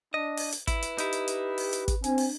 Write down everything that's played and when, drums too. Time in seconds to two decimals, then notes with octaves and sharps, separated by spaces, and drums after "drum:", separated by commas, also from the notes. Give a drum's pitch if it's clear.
0.14 D4 D#5
0.37 drum: open hi-hat
0.52 drum: hi-hat
0.67 E4 B4, drum: kick, hi-hat
0.82 drum: hi-hat
0.98 D#4 E4 G4, drum: hi-hat
1.13 drum: hi-hat
1.28 drum: hi-hat
1.58 drum: open hi-hat
1.73 drum: hi-hat
1.88 drum: kick, hi-hat
2.04 C4 D4 G#5, drum: hi-hat
2.18 drum: open hi-hat